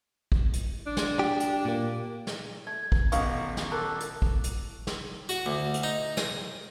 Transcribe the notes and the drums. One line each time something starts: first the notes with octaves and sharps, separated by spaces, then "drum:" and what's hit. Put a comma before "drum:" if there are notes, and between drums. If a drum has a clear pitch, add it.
drum: kick
drum: hi-hat
D4
drum: snare
G4
drum: hi-hat
A#2 A#3
drum: snare
A3 G#6
drum: kick
D#1 B2 C#4 D#4 F5 C#6, drum: hi-hat
drum: snare
A4 A#4 D6 F#6
drum: hi-hat
drum: kick
drum: hi-hat
drum: snare
F#4, drum: hi-hat
D2
drum: hi-hat
D#4
D#6, drum: snare